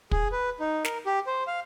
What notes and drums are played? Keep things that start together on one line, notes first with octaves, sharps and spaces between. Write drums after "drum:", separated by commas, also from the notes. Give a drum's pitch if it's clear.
G#4, drum: kick
B4
D#4
A#4, drum: snare
G4
C5
F5